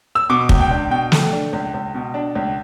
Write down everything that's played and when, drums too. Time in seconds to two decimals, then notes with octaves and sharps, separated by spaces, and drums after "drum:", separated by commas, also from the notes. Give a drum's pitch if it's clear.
0.15 E6
0.29 B2 D6
0.49 C#2, drum: kick
0.61 G5
0.70 D4
0.91 B2 G5
1.12 A3, drum: snare
1.32 D4
1.53 C#2
1.74 C#2
1.94 B2
2.14 D4
2.35 C#2